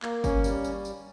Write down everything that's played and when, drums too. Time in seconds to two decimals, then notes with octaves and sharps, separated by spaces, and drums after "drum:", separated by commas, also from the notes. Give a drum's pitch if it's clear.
0.03 A#3, drum: clap
0.24 C#4, drum: kick G1, tambourine
0.44 G3, drum: tambourine
0.64 drum: tambourine
0.85 drum: tambourine